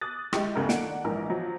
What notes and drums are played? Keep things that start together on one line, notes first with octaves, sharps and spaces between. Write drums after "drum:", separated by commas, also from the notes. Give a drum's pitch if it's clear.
D6 D#6 F#6 A6
G#3 E4 G4, drum: rim click
G1 D2 C#3 A#4
D#3 D4 A#4 F#5 D7, drum: snare
A#1 G#2 E3 A#4
F3 F#3